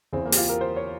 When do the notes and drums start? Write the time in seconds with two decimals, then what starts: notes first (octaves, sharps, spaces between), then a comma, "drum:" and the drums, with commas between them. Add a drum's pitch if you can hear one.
0.13 E2 C#3 E3 C4
0.25 A#3
0.32 G4, drum: open hi-hat
0.37 F4
0.49 A#4
0.61 C5
0.76 C#5